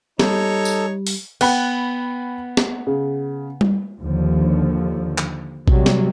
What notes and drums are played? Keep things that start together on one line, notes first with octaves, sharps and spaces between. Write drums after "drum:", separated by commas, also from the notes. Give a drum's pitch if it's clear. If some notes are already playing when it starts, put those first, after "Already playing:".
G3 D#4 A4 C#5, drum: snare
drum: tambourine
drum: open hi-hat
B3 G5 B5, drum: cymbal
drum: snare
C#3
drum: tom G3
D#2 D3 F3
drum: clap
C3 F#3 G3, drum: kick A#1
drum: snare